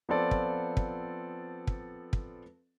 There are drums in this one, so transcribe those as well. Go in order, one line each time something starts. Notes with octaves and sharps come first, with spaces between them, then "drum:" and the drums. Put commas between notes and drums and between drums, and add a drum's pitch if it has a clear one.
F3 B3 C4 F4 A4 D5
drum: kick
drum: kick
drum: kick
drum: kick